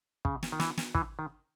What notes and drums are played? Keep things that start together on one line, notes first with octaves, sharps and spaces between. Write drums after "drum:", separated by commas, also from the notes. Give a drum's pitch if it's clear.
C#3, drum: kick
drum: snare
D#3
E3, drum: snare
drum: snare
E3, drum: kick
D#3